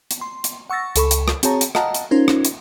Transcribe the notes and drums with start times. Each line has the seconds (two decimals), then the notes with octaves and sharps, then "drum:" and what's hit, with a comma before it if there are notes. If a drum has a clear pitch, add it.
0.11 drum: hi-hat
0.21 C6
0.44 drum: hi-hat
0.70 F#5 C#6 E6 A6 A#6
0.96 C#2 A4 B5 C#6, drum: hi-hat
1.11 drum: hi-hat
1.28 drum: rim click
1.43 C4 F#4 G#4 C#5 A5 A#5, drum: hi-hat
1.61 drum: hi-hat
1.75 D#5 F5 F#5 A5 A#5, drum: rim click
1.94 drum: hi-hat
2.11 C#4 D#4 F4 A#4 C5
2.28 drum: rim click
2.45 drum: hi-hat